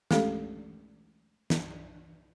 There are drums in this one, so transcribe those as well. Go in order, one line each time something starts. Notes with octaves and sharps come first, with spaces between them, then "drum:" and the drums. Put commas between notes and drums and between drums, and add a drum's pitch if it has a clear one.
G#3 A3 C#4 G4 A4 F5, drum: snare
drum: snare